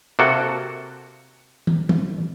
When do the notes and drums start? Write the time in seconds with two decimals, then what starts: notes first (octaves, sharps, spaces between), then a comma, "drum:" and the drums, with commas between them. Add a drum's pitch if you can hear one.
0.19 C3 A#3 F#4 A4
1.67 drum: tom
1.89 drum: tom